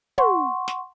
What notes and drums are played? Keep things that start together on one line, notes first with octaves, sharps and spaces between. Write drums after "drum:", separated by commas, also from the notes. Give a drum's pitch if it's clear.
F#5 C6 C#6, drum: tom
drum: snare